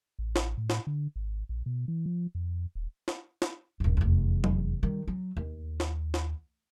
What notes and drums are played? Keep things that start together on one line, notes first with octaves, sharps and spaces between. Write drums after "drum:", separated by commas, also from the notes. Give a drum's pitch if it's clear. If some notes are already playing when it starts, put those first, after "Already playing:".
A1
drum: snare
A2
drum: snare
D3
G#1
A#1
B2
E3
F3
F2
D#1
drum: snare
drum: snare
D#1 G2
F1 E2
drum: tom F#3
D#3 G3
F#3
D#2
drum: snare
drum: snare